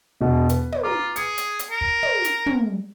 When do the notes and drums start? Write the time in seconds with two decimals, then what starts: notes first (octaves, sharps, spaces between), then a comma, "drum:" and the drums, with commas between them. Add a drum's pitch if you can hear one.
0.21 E1 B2 D#5
0.49 B4, drum: hi-hat
0.72 drum: tom
0.83 F4 B4 A#5 D6
1.16 G#4 C#7, drum: hi-hat
1.38 drum: hi-hat
1.59 drum: hi-hat
1.71 A#4
1.81 drum: kick
2.03 drum: tom
2.25 drum: hi-hat
2.46 drum: tom